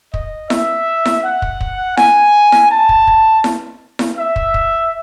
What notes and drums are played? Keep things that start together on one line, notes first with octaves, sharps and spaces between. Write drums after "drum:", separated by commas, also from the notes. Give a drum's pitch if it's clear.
D#5, drum: kick
E5, drum: snare E4
drum: snare E4
F#5
drum: kick
drum: kick
G#5, drum: snare E4
drum: snare E4
A5
drum: kick
drum: kick
drum: snare E4
drum: snare E4
E5
drum: kick
drum: kick